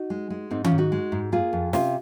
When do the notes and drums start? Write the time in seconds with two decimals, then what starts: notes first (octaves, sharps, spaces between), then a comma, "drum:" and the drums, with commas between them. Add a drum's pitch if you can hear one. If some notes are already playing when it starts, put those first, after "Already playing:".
Already playing: D#4 F#4
0.10 G#3
0.30 G#3
0.51 G#2 C4 D#4
0.64 C#4 F4, drum: tom D#3
0.72 G#2
0.78 D#4 F#4
0.92 G#3
1.12 G#2
1.32 A#3 F4 G#4
1.53 F2
1.73 C3 C#4 F4, drum: snare